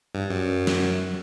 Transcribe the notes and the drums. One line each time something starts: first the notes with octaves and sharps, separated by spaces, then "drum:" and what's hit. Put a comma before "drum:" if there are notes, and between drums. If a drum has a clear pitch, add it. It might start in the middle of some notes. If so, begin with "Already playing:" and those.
G2
F#2
drum: snare